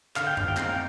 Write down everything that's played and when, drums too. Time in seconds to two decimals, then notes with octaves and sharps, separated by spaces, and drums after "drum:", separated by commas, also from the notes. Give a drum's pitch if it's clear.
0.16 D3 F5, drum: clap
0.27 G5
0.37 F5, drum: tom F#2
0.48 G5
0.57 G#3 C4 D#4 F5, drum: clap
0.69 G5